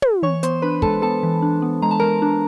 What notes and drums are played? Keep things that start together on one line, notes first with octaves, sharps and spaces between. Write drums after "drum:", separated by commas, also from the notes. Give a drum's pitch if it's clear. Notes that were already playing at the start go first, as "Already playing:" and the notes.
drum: tom
E3 C#5 C#6
B3 C5 C6, drum: hi-hat
D4 B4 B5
G#3 A4 A5, drum: kick
B3 A4 A5
E3
D4
B3
G#3 A#5
A5
G#3 A#4 A#5
D4